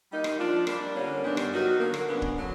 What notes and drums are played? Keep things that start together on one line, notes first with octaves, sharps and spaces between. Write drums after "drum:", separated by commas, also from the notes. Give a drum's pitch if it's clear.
G3 A#3 D#4
drum: rim click
F3 A#3 D4 F4
G3 A#3 D4, drum: rim click
D3 G3 A#3 C#4
G2 D#3 G3 B3 D4
drum: rim click
F#3 B3 D#4 F#4 A#4
D3 F#3 A#3
drum: rim click
C#3 F#3 B3 D4
drum: kick
D3 F#3